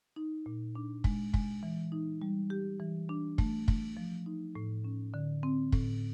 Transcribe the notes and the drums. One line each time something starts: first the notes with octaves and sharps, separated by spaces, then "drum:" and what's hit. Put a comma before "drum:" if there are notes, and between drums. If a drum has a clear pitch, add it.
D#4
A#2
D4
G#3, drum: kick
G#3, drum: kick
E3
D#4
G3
G4
E3
D4
A3, drum: kick
A3, drum: kick
F3
D#4
A2
C#4
D3
C4
A2, drum: kick